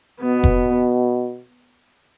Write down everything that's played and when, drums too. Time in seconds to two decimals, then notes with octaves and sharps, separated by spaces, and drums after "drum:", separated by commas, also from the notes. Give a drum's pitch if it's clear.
0.22 B2 B3
0.44 drum: kick F1